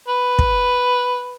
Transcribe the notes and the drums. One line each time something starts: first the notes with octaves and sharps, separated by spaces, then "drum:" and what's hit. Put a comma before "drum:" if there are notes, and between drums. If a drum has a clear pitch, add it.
B4
drum: kick